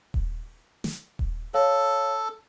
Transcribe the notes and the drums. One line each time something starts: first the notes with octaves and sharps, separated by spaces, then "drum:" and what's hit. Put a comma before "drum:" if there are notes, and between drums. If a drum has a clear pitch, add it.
drum: kick D#1
drum: snare
drum: kick D#1
A4 C#5 F5